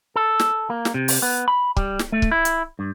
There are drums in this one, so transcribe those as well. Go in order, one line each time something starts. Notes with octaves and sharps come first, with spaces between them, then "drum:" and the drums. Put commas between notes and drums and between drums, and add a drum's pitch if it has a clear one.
A4
drum: snare
A#3
drum: snare
C3
drum: open hi-hat
B3
B5
G3, drum: kick
drum: snare
A3
drum: kick
E4
drum: hi-hat
G2